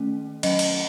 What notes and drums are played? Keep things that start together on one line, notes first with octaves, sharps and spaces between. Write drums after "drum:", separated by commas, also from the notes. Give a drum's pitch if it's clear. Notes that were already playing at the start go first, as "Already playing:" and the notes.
Already playing: D#3 A3 C#4
F#3 C#4 D#5, drum: cymbal
drum: cymbal